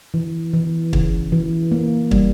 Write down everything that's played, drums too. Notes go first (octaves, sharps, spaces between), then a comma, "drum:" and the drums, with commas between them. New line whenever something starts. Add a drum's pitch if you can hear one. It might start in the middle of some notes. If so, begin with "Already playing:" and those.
E3
E3
C#3, drum: kick
E3
A#3
G3, drum: kick